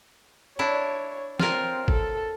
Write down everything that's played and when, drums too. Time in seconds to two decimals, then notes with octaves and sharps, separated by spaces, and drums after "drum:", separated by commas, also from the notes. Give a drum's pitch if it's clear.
0.59 D4 E4 C#5
1.40 C4 F4 A#4, drum: snare
1.88 A4, drum: kick G#1